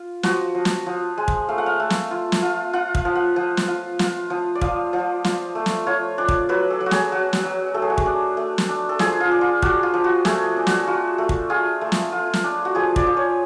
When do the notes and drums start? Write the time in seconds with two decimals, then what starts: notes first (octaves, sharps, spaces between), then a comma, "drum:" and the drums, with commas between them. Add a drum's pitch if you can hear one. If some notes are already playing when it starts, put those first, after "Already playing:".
Already playing: F4
0.23 F3 F#4, drum: snare
0.55 F3
0.65 drum: snare
0.86 F3
1.18 G#3
1.28 drum: kick
1.49 A3 F5
1.58 F#5
1.66 F5
1.80 A3
1.90 drum: snare
2.11 F4
2.32 drum: snare
2.42 F4
2.73 F4 F#5
2.95 F5, drum: kick
3.05 F3
3.15 F#5
3.36 F3
3.57 drum: snare
3.68 F4
3.99 F4, drum: snare
4.30 F3
4.55 D5
4.61 F3 F5, drum: kick
4.93 F3
5.24 F4, drum: snare
5.55 A3
5.66 drum: snare
5.87 F4 C#5
6.18 D4
6.28 drum: kick
6.49 F#3 B4
6.70 A4
6.80 F#3
6.86 F#4
6.91 G#4, drum: snare
7.12 F#3 F#4
7.33 drum: snare
7.43 F#3
7.74 A3 A4
7.82 G#4
7.90 F#4
7.98 G#4, drum: kick
8.06 D4
8.37 A3
8.58 drum: snare
8.68 D4
8.89 A4
8.99 F3 G#4, drum: snare
9.20 F4
9.31 D4
9.41 F4
9.62 D4 F#4, drum: kick
9.83 F4
9.94 F3
10.04 F#4
10.25 A3 G#4, drum: snare
10.57 D4
10.67 F#4, drum: snare
10.87 F4 F#4
11.18 A3
11.29 drum: kick
11.50 F4 G#4
11.81 A3
11.92 drum: snare
12.12 F4
12.33 drum: snare
12.44 D4
12.65 F#4
12.75 F3 G#4
12.96 D5, drum: kick
13.07 F3
13.17 C#5